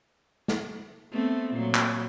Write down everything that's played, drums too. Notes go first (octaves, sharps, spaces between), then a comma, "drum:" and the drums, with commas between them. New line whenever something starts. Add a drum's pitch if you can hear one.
drum: snare
A3 B3 C4
A#2 F#3
drum: clap